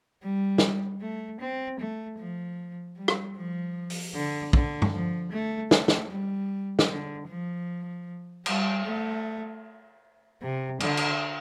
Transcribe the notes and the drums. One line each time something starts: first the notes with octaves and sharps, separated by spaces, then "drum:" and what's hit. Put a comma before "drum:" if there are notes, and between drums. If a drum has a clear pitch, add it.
G3
drum: snare
A3
C4
A3
F3
G3
drum: rim click
F3
drum: open hi-hat
D3
D3, drum: kick
drum: tom G2
F3
A3
A3, drum: snare
drum: snare
G3
drum: snare
D3
F3
G3, drum: cymbal
A3
C3
D3, drum: cymbal
drum: cymbal